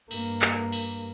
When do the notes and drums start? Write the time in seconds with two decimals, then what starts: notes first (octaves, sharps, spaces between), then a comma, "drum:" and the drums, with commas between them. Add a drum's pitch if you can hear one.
0.11 G2 A#3, drum: cymbal
0.42 drum: clap
0.72 drum: cymbal